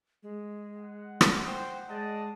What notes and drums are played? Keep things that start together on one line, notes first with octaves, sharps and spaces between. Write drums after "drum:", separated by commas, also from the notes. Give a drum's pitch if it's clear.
G#3
F#5
drum: rim click
C5 G5
G#3 D5 D#5 A5